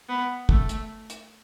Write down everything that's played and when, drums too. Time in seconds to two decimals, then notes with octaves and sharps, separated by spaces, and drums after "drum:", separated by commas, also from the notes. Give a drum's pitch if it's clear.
0.09 B3
0.49 A3, drum: kick
0.69 drum: hi-hat
1.10 drum: hi-hat